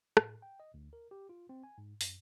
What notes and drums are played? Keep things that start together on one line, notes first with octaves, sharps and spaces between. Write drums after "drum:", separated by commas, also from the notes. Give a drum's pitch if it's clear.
A2, drum: rim click
G5
D#5
D2
A#4
G4
F4
C4
G#5
G#2
F#2, drum: open hi-hat